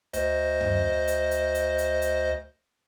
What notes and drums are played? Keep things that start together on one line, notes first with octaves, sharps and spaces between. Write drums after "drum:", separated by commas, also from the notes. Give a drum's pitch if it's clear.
D2 C5 D#5, drum: hi-hat
drum: tom
drum: hi-hat
drum: hi-hat
drum: hi-hat
drum: hi-hat
drum: hi-hat